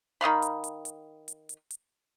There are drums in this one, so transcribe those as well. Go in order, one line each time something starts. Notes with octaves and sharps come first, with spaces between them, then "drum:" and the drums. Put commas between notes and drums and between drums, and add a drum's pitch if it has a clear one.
D#3 D#5 F5 B5
drum: hi-hat
drum: hi-hat
drum: hi-hat
drum: hi-hat
drum: hi-hat
drum: hi-hat